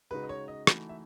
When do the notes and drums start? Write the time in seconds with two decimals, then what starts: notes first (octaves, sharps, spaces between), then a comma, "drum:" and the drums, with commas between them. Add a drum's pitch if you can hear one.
0.11 C#3 G#3 D#4 F#4 B4
0.23 D#5
0.29 C#5
0.48 D#5
0.67 E3 A3 D#4 F#4, drum: rim click
0.89 E5